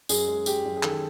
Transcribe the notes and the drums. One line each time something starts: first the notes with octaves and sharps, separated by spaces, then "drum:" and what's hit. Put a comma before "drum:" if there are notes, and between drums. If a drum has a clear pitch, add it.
F#2 G#4, drum: tambourine
G#3
G#3 G4, drum: tambourine
F#2
G#4
D#3 A4, drum: clap